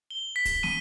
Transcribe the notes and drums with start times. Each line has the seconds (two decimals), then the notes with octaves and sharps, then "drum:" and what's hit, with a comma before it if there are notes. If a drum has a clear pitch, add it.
0.10 G7
0.36 B6
0.45 drum: kick, hi-hat
0.63 D#7, drum: snare